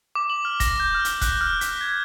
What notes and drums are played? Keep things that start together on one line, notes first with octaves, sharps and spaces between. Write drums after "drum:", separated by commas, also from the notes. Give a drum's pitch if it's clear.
D6
F#7
F6
A#6, drum: kick, hi-hat
G6
F6
drum: hi-hat
F#6, drum: kick, hi-hat
F6
B6, drum: hi-hat
G#6